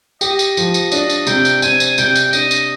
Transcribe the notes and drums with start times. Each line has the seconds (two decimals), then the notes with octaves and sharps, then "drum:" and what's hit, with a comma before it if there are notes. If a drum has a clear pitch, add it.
0.21 G4 D#5, drum: tambourine
0.39 drum: tambourine
0.57 F3, drum: tambourine
0.74 drum: tambourine
0.92 D4 D#5, drum: tambourine
1.10 drum: tambourine
1.27 C3 G5, drum: tambourine
1.45 drum: tambourine
1.62 C4 G#5, drum: tambourine
1.80 drum: tambourine
1.98 C3 G5, drum: tambourine
2.15 drum: tambourine
2.33 D4 D#5, drum: tambourine
2.51 drum: tambourine